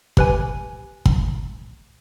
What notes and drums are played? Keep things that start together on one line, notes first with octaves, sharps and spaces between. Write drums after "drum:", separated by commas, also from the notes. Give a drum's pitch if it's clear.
G4 B4 G#5, drum: kick
drum: kick